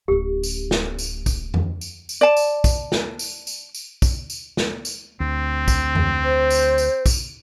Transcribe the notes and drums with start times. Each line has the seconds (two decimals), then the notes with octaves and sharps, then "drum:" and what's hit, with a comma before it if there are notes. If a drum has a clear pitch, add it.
0.08 D1 C#4 G4
0.43 drum: tambourine
0.71 drum: snare
0.99 drum: tambourine
1.26 drum: kick, tambourine
1.54 drum: tom F2
1.81 drum: tambourine
2.09 drum: tambourine
2.21 D5 A5
2.37 drum: tambourine
2.64 drum: kick, tambourine
2.92 drum: snare
3.19 drum: tambourine
3.47 drum: tambourine
3.75 drum: tambourine
4.02 drum: kick, tambourine
4.30 drum: tambourine
4.57 drum: snare
4.85 drum: tambourine
5.20 D2 C4
5.68 drum: kick, tambourine
5.95 drum: tom F2
6.23 C5
6.50 drum: tambourine
6.78 drum: tambourine
7.06 drum: kick, tambourine